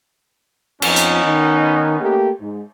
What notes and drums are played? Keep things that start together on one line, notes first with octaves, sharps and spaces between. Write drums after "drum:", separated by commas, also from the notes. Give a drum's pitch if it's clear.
F2 F3 B3 C#4 D#4, drum: cymbal
drum: hi-hat
D#3
A3 A#3 G4
G#2